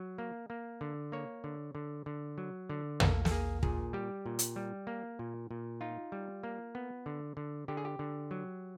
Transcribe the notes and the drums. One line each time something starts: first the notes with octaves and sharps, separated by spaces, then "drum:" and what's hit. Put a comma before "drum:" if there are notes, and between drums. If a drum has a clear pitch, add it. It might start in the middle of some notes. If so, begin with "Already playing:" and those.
Already playing: F#3
A#3
A#3
D3
A#3 C#5
D3
D3
D3
F#3
D3
A#3 A4, drum: tom
A4, drum: snare
A#3 G#4
A#2 G#4, drum: kick
G3 G4
A#2
drum: hi-hat
G3
A#3
A#2
A#2
D#4 F4
G3
A#3
B3
D3
D3
D3 G4
G#4
G4
D3
F#3